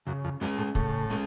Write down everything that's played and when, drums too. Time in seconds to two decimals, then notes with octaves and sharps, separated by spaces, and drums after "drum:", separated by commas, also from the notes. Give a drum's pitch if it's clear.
0.07 F#2 C#3
0.24 F2
0.41 F#2 G#3 C#4 G#4
0.58 A2
0.75 A2 C#3, drum: kick
1.10 G#3 C#4 G#4